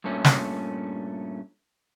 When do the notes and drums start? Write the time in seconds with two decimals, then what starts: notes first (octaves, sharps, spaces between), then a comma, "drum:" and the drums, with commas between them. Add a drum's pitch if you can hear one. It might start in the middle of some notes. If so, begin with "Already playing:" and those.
0.04 G2 A#2 A3 C#4
0.24 drum: snare